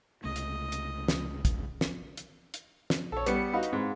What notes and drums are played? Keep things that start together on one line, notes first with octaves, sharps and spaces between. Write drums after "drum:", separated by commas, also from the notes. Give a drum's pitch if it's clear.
C#2 C3 A3 D#5
drum: hi-hat
drum: hi-hat
drum: snare
drum: kick, hi-hat
drum: snare
drum: hi-hat
drum: hi-hat
drum: snare
A#1 A4 C#5
G3 B3 B4 C#7, drum: hi-hat
D#4 F#4 F5 F#5 B5
drum: hi-hat
G#2 C4